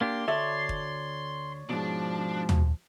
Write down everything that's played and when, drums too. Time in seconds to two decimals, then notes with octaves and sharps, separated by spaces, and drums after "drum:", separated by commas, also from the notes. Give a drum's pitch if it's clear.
0.01 A#3 D4 G4 C6
0.28 D2 A4 C#5 D5 E5
0.69 drum: kick
1.69 G#2 B2 F3 D4
2.49 drum: tom